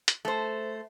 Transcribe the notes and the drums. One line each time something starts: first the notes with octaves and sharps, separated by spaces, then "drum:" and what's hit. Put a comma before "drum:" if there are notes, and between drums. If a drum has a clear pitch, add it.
drum: hi-hat
A3 C5